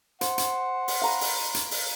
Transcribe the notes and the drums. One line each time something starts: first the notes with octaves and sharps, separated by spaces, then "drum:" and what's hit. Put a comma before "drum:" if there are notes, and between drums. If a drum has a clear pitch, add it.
C5 F#5, drum: hi-hat
drum: hi-hat
drum: open hi-hat
F5 A#5 B5
drum: open hi-hat
drum: hi-hat
drum: open hi-hat